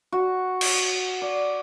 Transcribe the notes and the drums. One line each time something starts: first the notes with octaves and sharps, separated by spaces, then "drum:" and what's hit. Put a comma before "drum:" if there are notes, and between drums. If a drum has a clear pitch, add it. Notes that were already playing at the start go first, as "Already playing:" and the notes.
F#4
drum: cymbal
D5